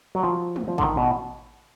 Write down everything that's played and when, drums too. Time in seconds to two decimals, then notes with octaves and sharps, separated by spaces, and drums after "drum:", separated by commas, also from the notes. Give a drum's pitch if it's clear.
0.15 F#3
0.23 F3
0.56 drum: tom
0.68 F3
0.78 D3, drum: kick A1
0.83 D#3
0.97 B2